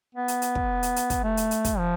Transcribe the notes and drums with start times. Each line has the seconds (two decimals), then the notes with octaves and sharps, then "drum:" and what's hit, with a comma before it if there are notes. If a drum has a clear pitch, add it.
0.15 B3
0.28 drum: hi-hat
0.42 drum: hi-hat
0.55 drum: kick
0.83 drum: hi-hat
0.96 drum: hi-hat
1.10 drum: kick, hi-hat
1.23 A3
1.37 drum: hi-hat
1.51 drum: hi-hat
1.65 drum: kick, hi-hat
1.78 F3